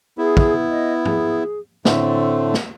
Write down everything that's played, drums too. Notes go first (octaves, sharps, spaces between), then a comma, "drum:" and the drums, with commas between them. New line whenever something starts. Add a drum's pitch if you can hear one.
B3 E4 G#4
drum: kick
D#5
G#4, drum: tom
A2 D3 A3 C4, drum: snare
drum: snare